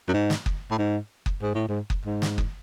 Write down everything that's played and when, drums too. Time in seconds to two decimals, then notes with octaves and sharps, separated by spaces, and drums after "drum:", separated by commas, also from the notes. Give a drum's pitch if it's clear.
0.09 F#2
0.13 G#2
0.30 drum: snare
0.46 drum: kick F#1
0.71 A2
0.78 G#2
1.26 drum: kick F#1
1.42 G#2
1.55 A2
1.68 G#2
1.90 drum: kick F#1
2.05 G#2
2.22 drum: snare
2.38 drum: kick F#1